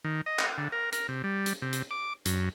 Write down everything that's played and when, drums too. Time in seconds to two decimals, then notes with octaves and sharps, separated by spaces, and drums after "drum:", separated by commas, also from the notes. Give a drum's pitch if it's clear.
0.04 D#3
0.26 D#5
0.39 drum: clap
0.58 D3
0.72 A#4
0.92 A#4, drum: hi-hat
1.08 C3
1.24 G3
1.46 drum: hi-hat
1.62 C3
1.73 drum: hi-hat
1.91 D6
2.25 F#2, drum: hi-hat